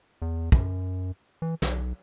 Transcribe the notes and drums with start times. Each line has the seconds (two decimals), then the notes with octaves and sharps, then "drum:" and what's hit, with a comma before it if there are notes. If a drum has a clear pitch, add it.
0.22 E2
0.52 F#2, drum: kick
1.42 E3
1.62 B1, drum: snare